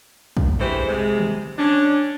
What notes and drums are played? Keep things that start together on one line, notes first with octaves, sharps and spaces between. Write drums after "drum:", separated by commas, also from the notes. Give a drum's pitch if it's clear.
drum: kick
D3 E3 G#3 A3 G4 C5
C3 G#3
drum: tom C#3
C#4 D4